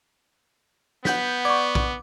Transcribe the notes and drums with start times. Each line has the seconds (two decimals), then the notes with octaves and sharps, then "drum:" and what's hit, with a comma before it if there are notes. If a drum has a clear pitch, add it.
1.05 B3 F#5 G6 B6, drum: snare
1.45 D5 C#6 D6
1.75 drum: kick